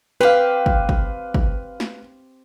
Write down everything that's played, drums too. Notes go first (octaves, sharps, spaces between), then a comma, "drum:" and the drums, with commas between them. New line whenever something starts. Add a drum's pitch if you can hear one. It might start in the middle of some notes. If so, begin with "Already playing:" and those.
C4 G4 B4 F5
drum: kick
drum: kick
drum: kick
drum: snare